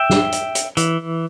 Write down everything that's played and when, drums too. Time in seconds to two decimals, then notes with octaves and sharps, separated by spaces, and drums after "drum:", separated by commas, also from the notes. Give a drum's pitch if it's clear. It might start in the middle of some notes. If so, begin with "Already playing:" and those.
Already playing: E5 G5
0.10 drum: snare
0.32 drum: hi-hat
0.55 drum: hi-hat
0.77 E3, drum: hi-hat